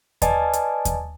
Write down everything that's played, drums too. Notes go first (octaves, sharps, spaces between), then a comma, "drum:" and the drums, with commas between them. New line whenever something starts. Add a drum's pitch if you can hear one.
B4 D5 D#5 G#5 A5, drum: kick D#2, hi-hat
drum: hi-hat
drum: kick D#2, hi-hat